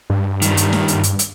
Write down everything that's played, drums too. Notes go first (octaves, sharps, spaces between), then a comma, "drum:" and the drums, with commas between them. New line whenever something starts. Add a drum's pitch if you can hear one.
G2
D#3 G3, drum: hi-hat
drum: hi-hat
drum: snare
drum: hi-hat
drum: hi-hat
drum: hi-hat